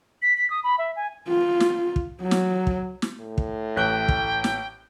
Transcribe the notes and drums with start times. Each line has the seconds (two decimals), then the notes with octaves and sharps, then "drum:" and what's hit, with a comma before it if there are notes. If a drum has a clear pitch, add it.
0.22 B6
0.37 B6
0.50 D#6
0.64 B5
0.79 E5
0.96 G#5
1.28 F4
1.60 drum: snare
1.96 drum: kick
2.21 F#3
2.31 drum: snare
2.67 drum: kick
3.02 drum: snare
3.20 A2
3.38 drum: kick
3.76 A1 G5 F#6 G7
4.08 drum: kick
4.44 drum: snare